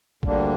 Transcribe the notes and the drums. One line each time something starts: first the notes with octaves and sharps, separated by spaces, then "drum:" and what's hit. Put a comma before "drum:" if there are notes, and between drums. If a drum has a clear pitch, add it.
D2 D3 G3 A#3 D4, drum: kick A#1